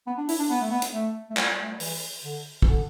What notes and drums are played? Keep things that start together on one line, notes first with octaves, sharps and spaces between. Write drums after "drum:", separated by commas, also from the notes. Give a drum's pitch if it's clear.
B3
D4
E4, drum: open hi-hat
D4
B3
A3
B3
drum: hi-hat
A3
A3
G3, drum: clap
A3
G3
E3, drum: open hi-hat
D3
E3, drum: kick
D3